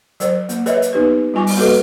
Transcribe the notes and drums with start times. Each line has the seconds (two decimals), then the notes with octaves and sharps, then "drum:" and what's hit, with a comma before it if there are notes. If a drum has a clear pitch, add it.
0.20 F#3 A#4 C5, drum: hi-hat
0.49 A#3, drum: hi-hat
0.66 G#4 A#4 B4 C#5 D#5 E5, drum: hi-hat
0.82 drum: hi-hat
0.93 B3 D#4 G4 B4
1.34 G3 F4 G#5 C#6 D6
1.47 drum: open hi-hat
1.57 A#3 F#4 A4 B4 D#5 D6